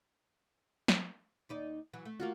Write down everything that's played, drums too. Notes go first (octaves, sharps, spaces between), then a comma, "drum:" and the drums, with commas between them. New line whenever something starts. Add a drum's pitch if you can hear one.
drum: snare
D#2 D#4 D5
E3 F#3
A3
A#3 F4 F#4